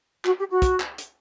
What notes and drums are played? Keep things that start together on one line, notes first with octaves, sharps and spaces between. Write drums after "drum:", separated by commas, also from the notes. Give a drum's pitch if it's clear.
F#4, drum: clap
G4
F#4
drum: kick, hi-hat
drum: clap
drum: hi-hat